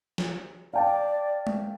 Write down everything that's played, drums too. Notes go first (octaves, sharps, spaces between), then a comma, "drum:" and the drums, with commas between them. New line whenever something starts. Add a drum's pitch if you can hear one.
drum: snare
D5 F5 G5 A5
drum: tom G#3